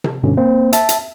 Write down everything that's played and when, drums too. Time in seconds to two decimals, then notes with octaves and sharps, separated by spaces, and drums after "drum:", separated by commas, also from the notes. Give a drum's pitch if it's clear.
0.04 drum: tom C3
0.23 G2 B2 D3 C#4
0.37 A#3 C4 C5
0.73 E5 A5, drum: hi-hat
0.89 drum: hi-hat